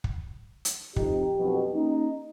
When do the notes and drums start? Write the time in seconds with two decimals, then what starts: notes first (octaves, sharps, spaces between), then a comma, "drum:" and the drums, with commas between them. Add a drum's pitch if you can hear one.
0.04 drum: kick
0.65 drum: hi-hat
0.96 F2 D#4 G4, drum: kick
1.39 B1 F2 B2
1.75 A#3 C#4 D#4